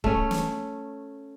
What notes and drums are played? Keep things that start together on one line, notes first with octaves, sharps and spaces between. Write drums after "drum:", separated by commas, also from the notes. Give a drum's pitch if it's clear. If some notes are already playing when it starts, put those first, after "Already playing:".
A3 C#4, drum: kick C#1
drum: snare